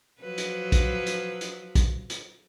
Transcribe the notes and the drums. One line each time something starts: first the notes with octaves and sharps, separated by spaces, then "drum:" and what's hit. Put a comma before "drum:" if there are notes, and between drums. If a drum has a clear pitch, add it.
F3 F#3 B4
drum: hi-hat
drum: kick, hi-hat
drum: hi-hat
drum: hi-hat
drum: kick, hi-hat
drum: hi-hat